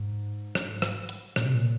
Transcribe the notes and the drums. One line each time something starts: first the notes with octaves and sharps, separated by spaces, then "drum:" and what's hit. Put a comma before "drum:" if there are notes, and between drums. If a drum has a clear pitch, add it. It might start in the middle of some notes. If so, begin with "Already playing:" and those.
Already playing: G#2
drum: rim click
drum: rim click
drum: hi-hat
A#2, drum: rim click
C3
A#2